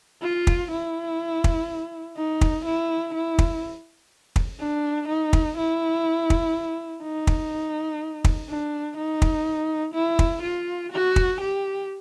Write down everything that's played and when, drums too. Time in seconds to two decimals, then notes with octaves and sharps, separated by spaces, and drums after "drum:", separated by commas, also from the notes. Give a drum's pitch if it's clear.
0.22 F4
0.47 drum: kick
0.71 E4
1.44 drum: kick
2.17 D#4
2.41 drum: kick
2.65 E4
3.15 E4
3.39 drum: kick
4.36 drum: kick
4.60 D4
5.08 D#4
5.33 drum: kick
5.58 E4
6.30 drum: kick
7.03 D#4
7.27 drum: kick
8.24 drum: kick
8.49 D4
8.97 D#4
9.22 drum: kick
9.94 E4
10.19 drum: kick
10.43 F4
10.92 F#4
11.16 drum: kick
11.41 G4